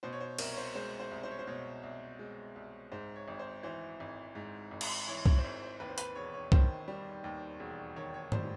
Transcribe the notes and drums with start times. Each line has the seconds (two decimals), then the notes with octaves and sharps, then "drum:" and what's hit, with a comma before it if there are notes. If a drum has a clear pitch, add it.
0.03 B2 C5
0.13 C#5
0.20 C5
0.38 C2 A#4, drum: cymbal
0.51 C#5
0.58 C5
0.75 G#3 C5
0.99 C5
1.11 C2
1.23 C5
1.31 C#5
1.39 C5
1.47 B2 C#5
1.83 C2
2.19 G#3
2.56 C2
2.92 G#2 C5
3.16 C#5
3.28 G#1
3.39 C5
3.63 E3 C5
4.00 G#1
4.35 G#2
4.71 G#1
4.81 drum: cymbal
5.07 E3 C#5
5.26 C#5, drum: kick C2
5.38 C5
5.44 G#1 C#5
5.62 C5
5.80 D#2 B4
5.89 C5
5.98 B4, drum: hi-hat
6.15 E1 C#5
6.34 C#5
6.52 D#3 C5, drum: kick C2
6.88 G3
7.24 D#2
7.60 E1
7.96 D#3 C#5
8.14 C#5
8.32 G3 C5, drum: tom